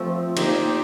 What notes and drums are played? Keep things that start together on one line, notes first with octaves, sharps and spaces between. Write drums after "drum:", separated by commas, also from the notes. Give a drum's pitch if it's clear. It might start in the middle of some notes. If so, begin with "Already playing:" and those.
Already playing: F3 A3 C4
A#3 D#4 G4 C5, drum: cymbal